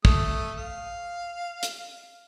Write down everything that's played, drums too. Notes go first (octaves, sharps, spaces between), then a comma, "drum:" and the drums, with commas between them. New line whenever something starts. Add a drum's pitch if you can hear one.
A3 D#6, drum: kick
F5
drum: hi-hat